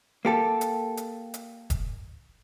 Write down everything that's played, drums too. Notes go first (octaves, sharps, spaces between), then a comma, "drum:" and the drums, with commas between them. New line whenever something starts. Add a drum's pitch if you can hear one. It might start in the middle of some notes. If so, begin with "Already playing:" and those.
A#3 G4 A4
drum: hi-hat
drum: hi-hat
drum: hi-hat
drum: kick E1, hi-hat